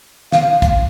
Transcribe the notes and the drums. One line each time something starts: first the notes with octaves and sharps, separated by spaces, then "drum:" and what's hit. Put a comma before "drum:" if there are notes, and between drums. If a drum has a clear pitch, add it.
F5, drum: snare
drum: kick, hi-hat